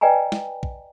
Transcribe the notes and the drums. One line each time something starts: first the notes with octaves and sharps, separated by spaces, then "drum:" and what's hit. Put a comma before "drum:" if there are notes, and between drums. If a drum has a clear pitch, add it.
B4 D5 D#5 G5 G#5 A#5
drum: snare
drum: kick